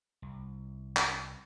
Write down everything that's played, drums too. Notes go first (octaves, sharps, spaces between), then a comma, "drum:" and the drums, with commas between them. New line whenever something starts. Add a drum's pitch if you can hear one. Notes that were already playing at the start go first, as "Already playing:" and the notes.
C2
drum: clap